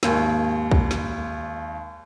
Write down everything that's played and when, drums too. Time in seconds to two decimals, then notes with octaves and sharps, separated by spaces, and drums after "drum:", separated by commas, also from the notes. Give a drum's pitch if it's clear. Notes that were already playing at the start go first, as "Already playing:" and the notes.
0.03 G#1 D#2 G#5, drum: snare
0.71 drum: kick
0.91 drum: snare